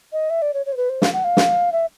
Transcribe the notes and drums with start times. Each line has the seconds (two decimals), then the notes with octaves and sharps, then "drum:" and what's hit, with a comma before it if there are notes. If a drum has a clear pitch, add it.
0.13 D#5
0.30 E5
0.42 D5
0.54 C#5
0.66 C#5
0.72 C5
0.77 B4
0.89 C5
1.02 F5, drum: snare
1.13 F#5
1.24 F5
1.37 drum: snare
1.72 E5